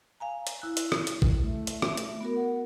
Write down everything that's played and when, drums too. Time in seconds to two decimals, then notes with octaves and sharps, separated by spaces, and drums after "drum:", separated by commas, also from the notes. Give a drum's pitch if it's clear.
0.20 F5 G#5 A#5
0.47 drum: hi-hat
0.62 E4 F#6
0.77 drum: hi-hat
0.92 drum: rim click
1.07 drum: hi-hat
1.22 drum: kick
1.42 A3
1.67 drum: hi-hat
1.82 drum: rim click
1.97 drum: hi-hat
2.21 B3 F#4 A#4
2.36 F#5